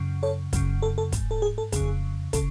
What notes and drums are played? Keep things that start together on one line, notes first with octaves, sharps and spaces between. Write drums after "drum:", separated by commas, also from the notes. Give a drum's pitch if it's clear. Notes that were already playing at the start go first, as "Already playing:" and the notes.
Already playing: F#2 C#3
A4 C#5
F#2 C#3, drum: kick, hi-hat
A4
A4
G#2, drum: kick, hi-hat
A4
G#4
A4
F2 C#3 G#4, drum: kick, hi-hat
C#3 A4, drum: kick, hi-hat